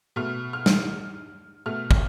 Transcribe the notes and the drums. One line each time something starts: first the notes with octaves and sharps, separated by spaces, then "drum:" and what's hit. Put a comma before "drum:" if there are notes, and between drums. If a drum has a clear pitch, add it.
B2 A3 F6
F6
drum: snare
B2 A3 F6
drum: kick